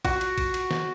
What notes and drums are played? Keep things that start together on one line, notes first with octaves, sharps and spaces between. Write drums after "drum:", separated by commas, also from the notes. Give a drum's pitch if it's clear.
F#4, drum: kick A1, cymbal
drum: cymbal
drum: kick A1, cymbal
drum: cymbal
drum: snare